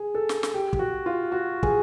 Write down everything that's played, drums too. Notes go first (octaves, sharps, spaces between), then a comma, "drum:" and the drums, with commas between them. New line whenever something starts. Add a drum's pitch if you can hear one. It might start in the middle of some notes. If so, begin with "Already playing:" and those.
Already playing: G#4
A4
drum: snare
drum: snare
G4
G4, drum: kick
F#4
F4
F#4
G#4, drum: kick